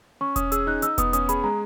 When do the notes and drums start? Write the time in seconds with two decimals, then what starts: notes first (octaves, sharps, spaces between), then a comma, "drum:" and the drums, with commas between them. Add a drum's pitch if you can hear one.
0.21 C#4 C#6
0.36 C#4 D#6, drum: kick E1, hi-hat
0.52 G#4 E6, drum: hi-hat
0.67 D#4 F#6
0.82 D#4 E6, drum: hi-hat
0.98 B3 D#6, drum: kick E1, hi-hat
1.13 C#4 D#6, drum: hi-hat
1.29 G#4 B5, drum: hi-hat
1.44 G#3 A#5